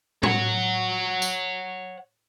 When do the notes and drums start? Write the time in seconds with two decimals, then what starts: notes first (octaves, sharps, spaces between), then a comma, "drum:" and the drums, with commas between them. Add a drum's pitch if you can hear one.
0.23 C#5 F#5, drum: tom A2
1.22 drum: tambourine